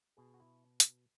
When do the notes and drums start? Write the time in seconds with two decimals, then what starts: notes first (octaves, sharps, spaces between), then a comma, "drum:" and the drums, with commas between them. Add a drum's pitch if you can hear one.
0.17 B2 G#4
0.34 F#4
0.40 E4
0.80 drum: hi-hat